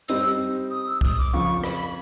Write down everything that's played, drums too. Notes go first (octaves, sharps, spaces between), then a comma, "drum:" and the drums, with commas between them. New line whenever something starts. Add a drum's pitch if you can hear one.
G3 C4 D#4 E6, drum: hi-hat
D#6
E6
D#6, drum: kick
D6
F2 C#3 F3 C#6
B5, drum: rim click